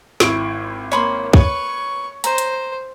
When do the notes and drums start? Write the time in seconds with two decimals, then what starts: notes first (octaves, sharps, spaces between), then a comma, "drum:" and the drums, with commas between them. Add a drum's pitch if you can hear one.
0.20 G#1 E4 C#6 D7, drum: snare
0.92 A#3 C#5 B5 C6
1.33 B4 C#5 C#6, drum: kick
2.24 C5 A#5, drum: hi-hat
2.38 drum: hi-hat